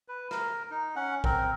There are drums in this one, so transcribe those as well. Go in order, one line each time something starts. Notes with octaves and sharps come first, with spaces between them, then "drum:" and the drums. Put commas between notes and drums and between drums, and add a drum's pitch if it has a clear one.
B4
A#4, drum: rim click
D#4
C#4 F#5
C4 A#4, drum: kick A#1